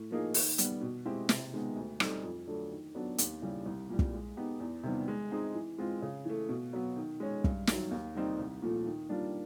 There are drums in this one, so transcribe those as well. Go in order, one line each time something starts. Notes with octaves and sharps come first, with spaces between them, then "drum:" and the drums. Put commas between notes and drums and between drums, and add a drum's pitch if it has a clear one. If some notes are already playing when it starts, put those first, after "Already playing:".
Already playing: A2
F3 A#3 D#4 G#4
D#3, drum: open hi-hat
G3 B3, drum: hi-hat
B2
G#3 C4 E4 G4
C3, drum: snare
D#3 G#3 B3
D2
D3 G3 C4 D#4, drum: rim click
F2
D3 F#3 A3 D4
D#3
F#3 B3 D4
D#2, drum: hi-hat
C#3 E3 G3
C2
A#2 G3
drum: kick
G#3
B3 D#4 G4
E2
C3 D#3 G3 B3
G#3
C4 D#4 G#4
E3
G#3 C4 F4
C#3
E3 A3
B2
F#3 B3
D#3
G#3 C#4
G2, drum: kick
D#3 F#3, drum: snare
D#2
D#3 G3 C4 D#4
C2
A#2 F3 A3
D#3
G3 A#3 D4 F4